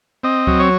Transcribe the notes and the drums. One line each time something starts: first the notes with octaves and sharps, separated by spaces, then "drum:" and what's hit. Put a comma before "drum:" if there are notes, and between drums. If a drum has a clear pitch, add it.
C4 D#5
F#3, drum: kick C#2
C#5